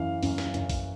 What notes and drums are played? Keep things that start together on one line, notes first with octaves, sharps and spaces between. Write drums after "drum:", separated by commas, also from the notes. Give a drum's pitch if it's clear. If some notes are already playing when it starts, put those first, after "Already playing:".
Already playing: F#2 E3 F5
F#2, drum: open hi-hat
drum: snare
F#2, drum: hi-hat
drum: kick A#1, open hi-hat